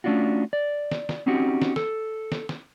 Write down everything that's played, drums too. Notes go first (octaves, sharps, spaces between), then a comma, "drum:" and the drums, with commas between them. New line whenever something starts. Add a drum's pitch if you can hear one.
A3 C#4 D4 F4 F#4
D5
drum: snare
drum: snare
C4 C#4 D#4 F#4 G4
drum: snare
A4, drum: snare
drum: snare
drum: snare